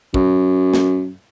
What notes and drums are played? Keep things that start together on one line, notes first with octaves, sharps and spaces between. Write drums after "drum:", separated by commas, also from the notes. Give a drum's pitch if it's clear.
F#2, drum: kick
drum: snare